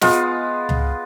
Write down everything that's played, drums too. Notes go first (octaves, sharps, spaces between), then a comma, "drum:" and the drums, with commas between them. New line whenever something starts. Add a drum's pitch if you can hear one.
G#3 B3 F4, drum: snare
drum: tom C#2